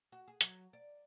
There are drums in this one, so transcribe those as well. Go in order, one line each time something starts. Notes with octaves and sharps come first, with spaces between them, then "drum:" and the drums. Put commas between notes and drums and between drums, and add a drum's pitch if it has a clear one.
F#4
G#4
F#3, drum: hi-hat
D5